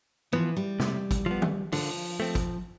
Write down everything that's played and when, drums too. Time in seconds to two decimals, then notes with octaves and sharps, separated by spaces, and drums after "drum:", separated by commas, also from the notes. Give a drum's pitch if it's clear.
0.33 E3 F3 B3
0.57 G3
0.80 C3, drum: snare
1.11 drum: kick, hi-hat
1.26 F3 B3
1.42 drum: tom D#3
1.72 D3 F3, drum: open hi-hat
2.20 A3 C4
2.35 drum: kick, hi-hat